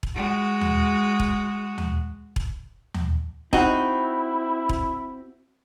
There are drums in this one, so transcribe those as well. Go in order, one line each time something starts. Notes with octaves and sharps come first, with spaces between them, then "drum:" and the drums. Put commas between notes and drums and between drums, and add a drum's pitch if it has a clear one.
drum: kick E1
G#3 F#4
drum: tom D#2
drum: kick E1
drum: tom D#2
drum: kick E1
drum: tom D#2
C4 D#4 E4 F#4, drum: kick E1
drum: kick E1